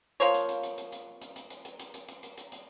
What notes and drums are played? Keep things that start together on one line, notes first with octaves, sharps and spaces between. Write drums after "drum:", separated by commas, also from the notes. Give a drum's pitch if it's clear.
F3 A#3 C5 C#5
drum: hi-hat
drum: hi-hat
drum: hi-hat
drum: hi-hat
drum: hi-hat
drum: hi-hat
drum: hi-hat
drum: hi-hat
drum: hi-hat
drum: hi-hat
drum: hi-hat
drum: hi-hat
drum: hi-hat
drum: hi-hat
drum: hi-hat